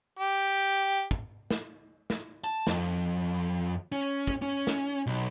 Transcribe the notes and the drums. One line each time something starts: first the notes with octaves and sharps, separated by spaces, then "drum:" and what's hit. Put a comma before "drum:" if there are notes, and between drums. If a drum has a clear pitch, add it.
G4
drum: kick
drum: snare
drum: snare
A5
F2, drum: snare
C#4
drum: kick
C#4
drum: snare
B1